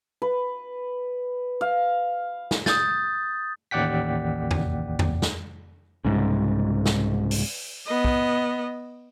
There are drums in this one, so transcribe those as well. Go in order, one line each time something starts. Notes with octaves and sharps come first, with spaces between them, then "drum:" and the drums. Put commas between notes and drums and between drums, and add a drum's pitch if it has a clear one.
B4
F5
drum: snare
D#6 G6 A6, drum: snare
A1 D#2 D5 F#5 G5 B6
drum: tom E2
drum: tom E2
drum: snare
C2 G#2 C#3
drum: snare
drum: open hi-hat
B3 D#5
drum: kick